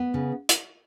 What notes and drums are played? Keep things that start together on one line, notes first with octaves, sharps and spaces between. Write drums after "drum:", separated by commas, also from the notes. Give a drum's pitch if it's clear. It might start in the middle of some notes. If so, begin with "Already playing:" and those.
Already playing: B3
C#3
drum: hi-hat